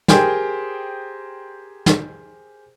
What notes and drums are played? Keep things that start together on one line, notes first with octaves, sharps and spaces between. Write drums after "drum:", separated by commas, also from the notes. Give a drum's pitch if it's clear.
G4 G#4 A#4 C5 G5, drum: snare
drum: snare